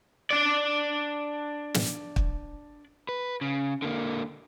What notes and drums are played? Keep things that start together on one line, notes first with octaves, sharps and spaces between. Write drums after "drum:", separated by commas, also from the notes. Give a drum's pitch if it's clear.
D4 D5
drum: snare
drum: kick
B4
C#3
D3 A#3